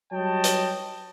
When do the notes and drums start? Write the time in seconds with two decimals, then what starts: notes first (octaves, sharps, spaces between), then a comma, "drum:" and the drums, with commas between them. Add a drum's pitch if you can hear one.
0.12 F#3 G3 C#5 D#5 G5 A5
0.44 drum: hi-hat